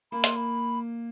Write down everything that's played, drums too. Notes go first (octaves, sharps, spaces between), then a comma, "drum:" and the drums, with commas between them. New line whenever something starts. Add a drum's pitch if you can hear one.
A#3 B5
C6, drum: hi-hat
B5